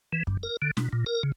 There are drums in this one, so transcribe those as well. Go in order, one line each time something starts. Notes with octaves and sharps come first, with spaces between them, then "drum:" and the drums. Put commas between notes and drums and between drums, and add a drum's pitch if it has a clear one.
E3
G2, drum: kick F#2
A#4
D3
B2, drum: snare
A#2
A#4
C#3